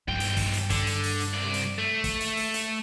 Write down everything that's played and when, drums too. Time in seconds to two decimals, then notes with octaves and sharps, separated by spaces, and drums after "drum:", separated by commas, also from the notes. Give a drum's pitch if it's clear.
0.08 B1 G2 G5
0.20 drum: hi-hat
0.37 drum: kick, open hi-hat
0.54 drum: hi-hat
0.70 D3, drum: kick, hi-hat
0.87 drum: hi-hat
1.04 drum: open hi-hat
1.20 drum: hi-hat
1.34 C2 D5
1.54 drum: hi-hat
1.78 A3
2.04 drum: kick, hi-hat
2.21 drum: hi-hat
2.37 drum: open hi-hat
2.54 drum: hi-hat